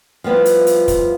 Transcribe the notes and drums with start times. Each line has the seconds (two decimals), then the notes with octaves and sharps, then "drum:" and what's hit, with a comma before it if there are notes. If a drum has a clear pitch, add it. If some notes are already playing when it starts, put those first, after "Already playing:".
0.24 F3 G3 B3 E4 F4
0.45 drum: hi-hat
0.67 drum: hi-hat
0.88 drum: kick, hi-hat